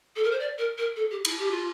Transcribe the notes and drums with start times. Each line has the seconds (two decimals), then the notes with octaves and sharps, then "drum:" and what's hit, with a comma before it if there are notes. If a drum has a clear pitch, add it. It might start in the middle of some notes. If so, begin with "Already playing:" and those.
0.16 A4
0.24 A#4
0.31 C5
0.40 D5
0.58 A#4
0.78 A#4
0.96 A4
1.11 G4
1.25 E4, drum: cymbal
1.39 G4
1.51 F4